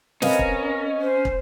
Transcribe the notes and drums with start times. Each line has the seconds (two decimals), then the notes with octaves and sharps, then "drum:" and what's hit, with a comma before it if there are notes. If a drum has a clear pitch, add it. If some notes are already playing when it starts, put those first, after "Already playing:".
0.22 C4 C#4 A#4 B4 D#5 F5, drum: snare
0.39 drum: kick
1.01 C5
1.25 drum: kick